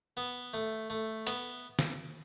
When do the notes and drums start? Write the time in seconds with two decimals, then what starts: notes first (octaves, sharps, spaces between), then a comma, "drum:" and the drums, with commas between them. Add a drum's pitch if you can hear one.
0.17 B3
0.54 A3
0.90 A3
1.27 B3, drum: hi-hat
1.79 drum: snare